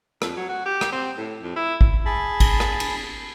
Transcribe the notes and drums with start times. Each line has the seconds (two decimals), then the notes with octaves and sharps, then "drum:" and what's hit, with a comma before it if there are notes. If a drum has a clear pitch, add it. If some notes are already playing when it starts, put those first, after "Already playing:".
0.22 F2, drum: rim click
0.36 F#3
0.49 F#4
0.66 G4
0.81 drum: rim click
0.92 C4
1.18 A2
1.42 F2
1.56 E4
1.81 drum: kick A1
2.06 G#4 A5 B5
2.40 drum: kick A1, cymbal
2.60 drum: rim click
2.80 drum: cymbal